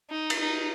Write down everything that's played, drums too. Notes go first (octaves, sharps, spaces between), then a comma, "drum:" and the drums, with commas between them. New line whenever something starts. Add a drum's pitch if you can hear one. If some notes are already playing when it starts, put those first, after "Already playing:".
D#4
drum: cymbal
D#4